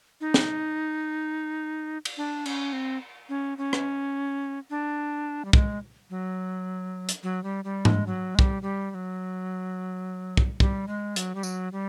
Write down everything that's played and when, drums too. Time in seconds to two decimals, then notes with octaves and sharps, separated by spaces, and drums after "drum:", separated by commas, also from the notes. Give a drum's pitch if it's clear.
0.21 D#4
0.34 drum: snare
2.05 drum: cymbal
2.17 D4
2.46 C#4, drum: cymbal
2.73 C4
3.29 C#4
3.58 C#4
3.73 drum: rim click
4.70 D4
5.45 G3
5.53 G#3, drum: kick
6.10 F#3
7.09 drum: hi-hat
7.23 F#3
7.44 G3
7.64 G3
7.85 G#3, drum: tom G#2
8.07 F#3
8.35 G#3
8.39 G3, drum: kick
8.62 G3
8.91 G3
8.94 F#3
10.37 drum: kick
10.60 G3, drum: kick
10.88 G#3
11.16 F#3, drum: hi-hat
11.35 G3
11.43 F#3, drum: tambourine
11.73 G3